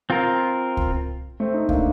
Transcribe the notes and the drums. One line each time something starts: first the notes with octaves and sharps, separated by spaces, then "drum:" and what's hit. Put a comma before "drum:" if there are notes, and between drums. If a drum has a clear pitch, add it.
C4 F4 A#4
drum: kick C#2
A3 C4
C4 D#4
A#3 D4, drum: kick C#2